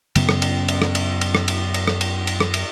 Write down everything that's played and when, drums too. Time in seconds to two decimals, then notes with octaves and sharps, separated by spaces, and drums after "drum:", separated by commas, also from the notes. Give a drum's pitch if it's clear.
0.15 F#2 C#3 B3 C#4, drum: cymbal
0.29 drum: rim click
0.42 drum: cymbal
0.68 drum: cymbal
0.82 drum: rim click
0.95 drum: cymbal
1.21 drum: cymbal
1.35 drum: rim click
1.48 drum: cymbal
1.74 drum: cymbal
1.88 drum: rim click
2.01 drum: cymbal
2.27 drum: cymbal
2.40 drum: rim click
2.54 drum: cymbal